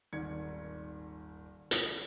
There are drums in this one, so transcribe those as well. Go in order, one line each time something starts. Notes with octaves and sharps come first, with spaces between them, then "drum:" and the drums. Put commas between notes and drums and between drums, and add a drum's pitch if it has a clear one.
D#1 G#1 D5 G#6 C#7
drum: hi-hat